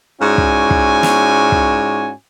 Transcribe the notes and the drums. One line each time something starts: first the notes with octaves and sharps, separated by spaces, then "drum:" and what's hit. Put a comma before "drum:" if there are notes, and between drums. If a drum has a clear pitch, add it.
G#2 C#4 E4 F#4 D5 G#5
drum: kick
drum: kick
drum: snare
drum: kick